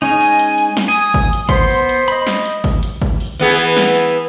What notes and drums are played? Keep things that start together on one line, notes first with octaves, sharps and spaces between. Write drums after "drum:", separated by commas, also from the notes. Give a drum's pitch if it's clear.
G#3 C#4 D#4 G#5
drum: open hi-hat
drum: hi-hat
drum: hi-hat
drum: snare
G#5 D#6
drum: kick G#1
drum: hi-hat
B3 C5 C6, drum: kick G#1, hi-hat
drum: open hi-hat
drum: hi-hat
D#5 B5, drum: hi-hat
drum: snare
drum: hi-hat
drum: kick G#1, hi-hat
drum: hi-hat
drum: kick G#1
drum: open hi-hat
E3 B3 G#4, drum: hi-hat
drum: hi-hat
drum: snare
drum: hi-hat